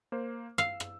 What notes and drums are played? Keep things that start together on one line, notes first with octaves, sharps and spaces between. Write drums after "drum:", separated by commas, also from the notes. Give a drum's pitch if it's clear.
A#3 C5
F5 E6, drum: rim click
drum: rim click